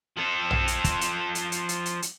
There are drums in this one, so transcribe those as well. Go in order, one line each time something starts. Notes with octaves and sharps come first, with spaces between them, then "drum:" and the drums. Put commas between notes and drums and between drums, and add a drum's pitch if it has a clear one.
F3 A4
drum: tom A#1
drum: hi-hat
drum: kick, hi-hat
drum: hi-hat
drum: hi-hat
drum: hi-hat
drum: hi-hat
drum: hi-hat
drum: hi-hat